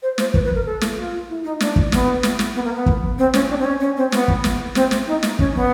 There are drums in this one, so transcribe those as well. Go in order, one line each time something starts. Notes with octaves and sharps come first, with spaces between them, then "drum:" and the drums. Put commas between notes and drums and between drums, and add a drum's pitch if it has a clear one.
C5
C5, drum: snare
B4, drum: kick
B4
A#4
A4
drum: snare
F4
E4
D#4
D4, drum: snare
drum: kick
B3, drum: snare
drum: snare
drum: snare
B3
A#3
B3
drum: kick
C4
C#4, drum: snare
D4
C4
C#4
C#4
C4
B3, drum: snare
drum: kick
drum: snare
C4, drum: snare
drum: snare
D#4
drum: snare
C#4, drum: kick
B3